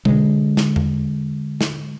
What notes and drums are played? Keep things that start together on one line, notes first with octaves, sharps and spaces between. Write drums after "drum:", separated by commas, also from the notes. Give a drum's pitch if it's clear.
D3 G#3, drum: tom B2
drum: snare
drum: tom E2
drum: snare